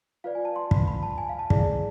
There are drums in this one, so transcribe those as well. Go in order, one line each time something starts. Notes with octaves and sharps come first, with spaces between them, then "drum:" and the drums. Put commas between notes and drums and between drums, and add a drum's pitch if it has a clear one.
F4 B4 D5 F5
G#5
A5
C6
B5, drum: kick
B5
A5
G#5
F5
A5
E4 G#4 D5, drum: kick